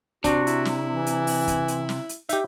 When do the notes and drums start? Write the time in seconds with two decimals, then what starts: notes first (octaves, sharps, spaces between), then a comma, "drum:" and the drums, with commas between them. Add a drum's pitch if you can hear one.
0.24 C3 C4 D4 F#4, drum: kick, hi-hat
0.47 E4, drum: hi-hat
0.65 drum: snare
0.91 E3
1.06 drum: hi-hat
1.27 drum: open hi-hat
1.48 drum: kick, hi-hat
1.68 drum: hi-hat
1.89 drum: snare
2.09 drum: hi-hat
2.29 D#4 G4 E5, drum: hi-hat